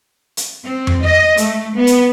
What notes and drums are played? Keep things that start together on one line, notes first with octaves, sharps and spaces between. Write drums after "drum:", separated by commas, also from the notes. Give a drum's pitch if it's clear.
drum: hi-hat
C4
drum: tom F2
D#5
A3, drum: hi-hat
B3
drum: hi-hat